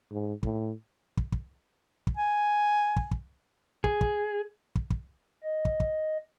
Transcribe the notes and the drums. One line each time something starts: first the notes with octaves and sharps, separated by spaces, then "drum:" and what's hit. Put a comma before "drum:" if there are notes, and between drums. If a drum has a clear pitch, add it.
G#2
A2, drum: kick
drum: kick
drum: kick
drum: kick
G#5
drum: kick
drum: kick
G#4, drum: kick
drum: kick
drum: kick
drum: kick
D#5
drum: kick
drum: kick